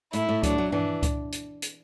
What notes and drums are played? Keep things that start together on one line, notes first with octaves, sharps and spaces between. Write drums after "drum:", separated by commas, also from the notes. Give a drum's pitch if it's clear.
A2 E4, drum: hi-hat
A2
F#3 D4, drum: kick C#2, hi-hat
F#3
E3 D4, drum: tom G2
drum: kick C#2, hi-hat
drum: hi-hat
drum: hi-hat